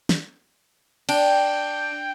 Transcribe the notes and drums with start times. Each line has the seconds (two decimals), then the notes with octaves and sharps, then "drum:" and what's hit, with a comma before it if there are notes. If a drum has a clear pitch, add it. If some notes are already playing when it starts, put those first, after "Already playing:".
0.09 drum: snare
1.09 D4 G5, drum: cymbal